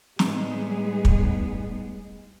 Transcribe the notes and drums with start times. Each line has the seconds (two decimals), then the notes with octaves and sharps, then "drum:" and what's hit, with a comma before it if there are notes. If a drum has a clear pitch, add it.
0.19 A2 G3 G#3 B3 D#4 G#4, drum: snare
1.05 drum: kick